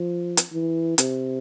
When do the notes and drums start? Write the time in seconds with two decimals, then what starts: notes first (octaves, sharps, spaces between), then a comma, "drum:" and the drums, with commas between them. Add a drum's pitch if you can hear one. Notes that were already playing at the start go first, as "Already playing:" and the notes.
Already playing: F3
0.37 drum: hi-hat
0.53 E3
0.98 C3, drum: hi-hat